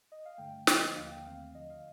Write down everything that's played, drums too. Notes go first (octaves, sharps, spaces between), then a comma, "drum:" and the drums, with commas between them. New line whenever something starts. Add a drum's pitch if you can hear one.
D#5
F5
G2 D3 A3 G5
D2 D3 F3 A#3 D#5, drum: snare
D#2 D3 F3 A#3 F5
G5
D#2 D#3 A3 C4 F5
D2 D3 F3 D#5
F5